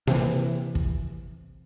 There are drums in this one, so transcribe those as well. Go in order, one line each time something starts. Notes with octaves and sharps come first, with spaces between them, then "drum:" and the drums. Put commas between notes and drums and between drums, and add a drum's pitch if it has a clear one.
C3 E3, drum: snare A#3
drum: kick